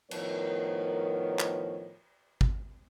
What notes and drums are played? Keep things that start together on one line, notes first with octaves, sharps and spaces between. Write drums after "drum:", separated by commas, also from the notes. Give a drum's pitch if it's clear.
A2 D#3 F3 B3 A#4 C#5, drum: cymbal
drum: clap
drum: kick G#1